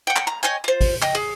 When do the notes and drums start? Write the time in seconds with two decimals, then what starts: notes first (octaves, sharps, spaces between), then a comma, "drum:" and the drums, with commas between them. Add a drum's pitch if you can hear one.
0.07 F#5 G5
0.16 drum: clap
0.27 A#5
0.43 C#5 D#5 G5 G#5
0.64 F4 C5
0.81 drum: kick, open hi-hat
1.02 D#5 G5, drum: clap
1.15 G#4